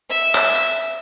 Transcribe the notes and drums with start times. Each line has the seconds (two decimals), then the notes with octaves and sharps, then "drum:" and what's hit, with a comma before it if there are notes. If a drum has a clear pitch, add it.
0.10 E5
0.35 drum: clap